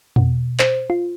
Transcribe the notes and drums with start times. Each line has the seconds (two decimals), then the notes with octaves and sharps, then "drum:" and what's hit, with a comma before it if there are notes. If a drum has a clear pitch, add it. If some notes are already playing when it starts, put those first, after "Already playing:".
0.16 B2, drum: tom E2
0.59 C5, drum: clap
0.90 F4